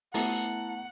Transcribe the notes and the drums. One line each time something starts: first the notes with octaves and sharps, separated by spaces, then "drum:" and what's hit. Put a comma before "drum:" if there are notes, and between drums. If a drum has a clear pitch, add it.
A3 B3 E4 F#5 A5 A#5, drum: open hi-hat